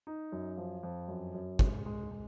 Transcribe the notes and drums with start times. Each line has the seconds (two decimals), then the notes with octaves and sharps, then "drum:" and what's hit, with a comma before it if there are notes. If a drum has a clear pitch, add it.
0.07 D#4
0.32 F#2
0.57 F3
0.83 F2
1.08 F#2
1.34 F#2
1.59 G#3, drum: kick
1.86 G#3
2.11 G#3